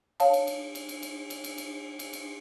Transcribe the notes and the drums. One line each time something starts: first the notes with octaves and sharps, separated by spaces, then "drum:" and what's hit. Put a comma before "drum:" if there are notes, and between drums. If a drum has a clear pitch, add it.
C#5 F5 A5, drum: cymbal
drum: cymbal
drum: cymbal
drum: cymbal
drum: cymbal
drum: cymbal
drum: cymbal
drum: cymbal
drum: cymbal
drum: cymbal
drum: cymbal